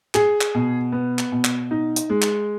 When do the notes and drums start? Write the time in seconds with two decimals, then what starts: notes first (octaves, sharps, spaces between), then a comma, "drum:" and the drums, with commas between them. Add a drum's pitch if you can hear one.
0.15 G#4, drum: clap
0.41 drum: clap
0.55 B2
0.92 B3
1.19 drum: clap
1.32 B2
1.45 drum: clap
1.71 D#4
1.96 drum: hi-hat
2.10 G#3
2.22 drum: clap